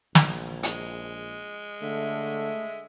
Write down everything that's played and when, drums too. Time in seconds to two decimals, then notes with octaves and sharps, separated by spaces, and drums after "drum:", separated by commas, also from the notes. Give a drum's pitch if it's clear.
0.15 A#1, drum: snare
0.63 G#3, drum: hi-hat
1.82 D3 A3 E5